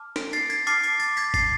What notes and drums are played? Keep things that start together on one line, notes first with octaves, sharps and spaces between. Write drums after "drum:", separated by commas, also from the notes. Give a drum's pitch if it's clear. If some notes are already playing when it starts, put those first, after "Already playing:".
Already playing: A5 D6 F6
B6 D7, drum: snare
A6 C7, drum: tambourine
G#6 B6, drum: tambourine
A5 D6 F6 A6 C7, drum: tambourine
drum: tambourine
A6, drum: tambourine
G#6 B6, drum: tambourine
A6 C7, drum: kick, tambourine